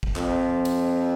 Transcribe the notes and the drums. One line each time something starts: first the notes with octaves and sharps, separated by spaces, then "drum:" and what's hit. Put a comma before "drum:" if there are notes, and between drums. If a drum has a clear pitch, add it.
drum: kick
F2, drum: clap
drum: cymbal